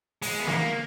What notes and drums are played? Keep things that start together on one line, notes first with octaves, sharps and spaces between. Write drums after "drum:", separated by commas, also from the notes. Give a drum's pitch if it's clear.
G#3, drum: open hi-hat
B3
A#3, drum: snare